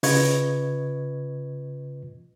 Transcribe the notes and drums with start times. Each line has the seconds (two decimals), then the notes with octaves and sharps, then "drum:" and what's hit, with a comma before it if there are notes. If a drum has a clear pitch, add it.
0.03 C#3 F4 B4 D#5 C#6 G#6, drum: open hi-hat